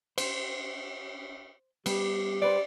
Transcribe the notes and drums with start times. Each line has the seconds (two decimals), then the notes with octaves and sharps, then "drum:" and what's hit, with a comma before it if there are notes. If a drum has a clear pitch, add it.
0.18 C5, drum: cymbal
1.86 G3 B3 G4, drum: cymbal
2.42 G3 B4 C5 D5